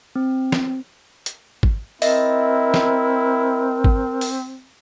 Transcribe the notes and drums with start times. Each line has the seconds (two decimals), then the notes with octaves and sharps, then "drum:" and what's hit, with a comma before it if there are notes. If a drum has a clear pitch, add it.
0.16 C4
0.52 drum: snare
1.26 drum: hi-hat
1.63 drum: kick G#1
2.02 C4 E4 A#4 D#5 E5, drum: open hi-hat
2.74 drum: snare
3.84 drum: kick G#1
4.21 drum: open hi-hat